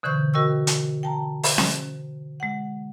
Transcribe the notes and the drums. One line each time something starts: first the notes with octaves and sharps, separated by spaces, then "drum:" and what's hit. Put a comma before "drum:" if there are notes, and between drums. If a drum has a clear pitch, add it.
B2 D3 E3 C5 C#6 G6
F#4 A#4 D#5 G5 C#6 E6
drum: hi-hat
G5 A5 A#5
C5, drum: open hi-hat
drum: snare C#4
G#3 F#5